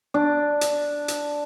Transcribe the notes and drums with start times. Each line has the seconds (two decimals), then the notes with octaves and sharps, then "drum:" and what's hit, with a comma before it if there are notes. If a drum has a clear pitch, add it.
0.14 D4
0.61 drum: hi-hat
1.08 drum: hi-hat